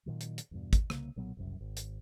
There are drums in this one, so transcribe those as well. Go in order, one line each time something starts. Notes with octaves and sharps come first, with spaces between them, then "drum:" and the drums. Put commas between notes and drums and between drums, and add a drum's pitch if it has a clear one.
A#2 D#3 F#3
drum: hi-hat
drum: hi-hat
E2 G2 B2
drum: kick, hi-hat
C2 C#3 A#3, drum: rim click
B1 A#2 F#3 B3
F#1 C2 F#2
G#1
drum: hi-hat